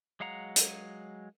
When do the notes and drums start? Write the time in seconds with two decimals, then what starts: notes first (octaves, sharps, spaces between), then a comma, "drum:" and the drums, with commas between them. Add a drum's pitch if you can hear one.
0.20 F#3 G#3 F5 F#5 A#5
0.56 drum: hi-hat